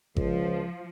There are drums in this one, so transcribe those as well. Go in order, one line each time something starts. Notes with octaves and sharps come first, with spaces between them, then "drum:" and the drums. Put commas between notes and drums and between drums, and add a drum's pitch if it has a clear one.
C#2 F3, drum: kick G#1